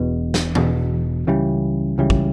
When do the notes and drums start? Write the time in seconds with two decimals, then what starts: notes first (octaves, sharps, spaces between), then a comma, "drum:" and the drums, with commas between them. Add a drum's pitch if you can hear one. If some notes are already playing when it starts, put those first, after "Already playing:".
Already playing: E1 E2 B2
0.34 drum: snare
0.55 E1 E2 B2, drum: tom
1.27 C#2 C#3 E3 G3
1.98 C#2 C#3 E3 G3
2.10 drum: kick